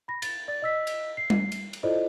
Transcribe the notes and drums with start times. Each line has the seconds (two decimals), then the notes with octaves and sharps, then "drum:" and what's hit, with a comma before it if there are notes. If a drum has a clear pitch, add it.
0.08 B5 A#6
0.22 A6, drum: cymbal
0.48 D5 A6
0.62 D#5 E6 B6
0.87 drum: cymbal
1.17 C7
1.30 drum: tom G3
1.52 drum: cymbal
1.73 drum: cymbal
1.83 E4 F4 A4 C5 D5 D#5